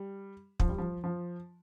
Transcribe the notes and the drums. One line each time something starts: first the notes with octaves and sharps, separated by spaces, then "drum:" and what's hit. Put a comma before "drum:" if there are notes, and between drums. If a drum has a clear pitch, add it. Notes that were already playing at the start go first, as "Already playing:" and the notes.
Already playing: G3
F3, drum: kick
G3
F3
F3